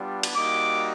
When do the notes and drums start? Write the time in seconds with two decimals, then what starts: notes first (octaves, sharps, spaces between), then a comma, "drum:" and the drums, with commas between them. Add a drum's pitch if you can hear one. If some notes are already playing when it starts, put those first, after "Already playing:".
Already playing: G3 B3 D4 F4
0.23 drum: cymbal
0.34 G3 A#3 D#4 F#4 D6